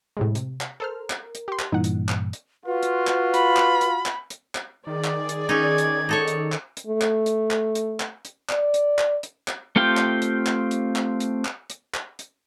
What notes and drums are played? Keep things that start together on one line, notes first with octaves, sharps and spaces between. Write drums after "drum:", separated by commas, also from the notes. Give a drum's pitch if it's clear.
A2 C3 G#3
C3, drum: hi-hat
drum: clap
A4 A#4 C5 F6
drum: clap
drum: hi-hat
G4 C6
drum: clap
G2 A#2 E3 D#4 F#5
drum: hi-hat
drum: clap
drum: hi-hat
F4 F#4 B4
drum: hi-hat
drum: clap
B5, drum: hi-hat
drum: clap
drum: hi-hat
drum: clap
drum: hi-hat
drum: clap
D#3 G#4 D5
drum: clap
drum: hi-hat
C#4 D#4 G#6
drum: hi-hat
D#4 A4 C#5
drum: hi-hat
drum: clap
drum: hi-hat
A3
drum: clap
drum: hi-hat
drum: clap
drum: hi-hat
drum: clap
drum: hi-hat
D5, drum: clap
drum: hi-hat
drum: clap
drum: hi-hat
drum: clap
A3 C4 F4 G4 G5
drum: clap
drum: hi-hat
drum: clap
drum: hi-hat
drum: clap
drum: hi-hat
drum: clap
drum: hi-hat
drum: clap
drum: hi-hat